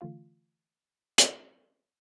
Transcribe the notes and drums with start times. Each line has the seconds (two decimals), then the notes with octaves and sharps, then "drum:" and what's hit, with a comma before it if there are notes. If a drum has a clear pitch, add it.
0.01 D3 E3 A3 F4 F5
1.18 drum: hi-hat